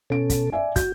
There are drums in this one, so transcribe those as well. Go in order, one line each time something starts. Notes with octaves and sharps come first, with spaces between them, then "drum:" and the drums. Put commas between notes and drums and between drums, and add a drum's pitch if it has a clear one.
B2 C#4 A4 D7
drum: kick, hi-hat
D5 E5 G#5
F#4 G6, drum: kick, hi-hat